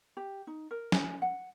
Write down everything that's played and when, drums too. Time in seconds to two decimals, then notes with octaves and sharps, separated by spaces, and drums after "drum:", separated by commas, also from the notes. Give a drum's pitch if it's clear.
0.17 G4
0.47 D#4
0.71 A#4
0.92 G#5, drum: snare
1.22 F#5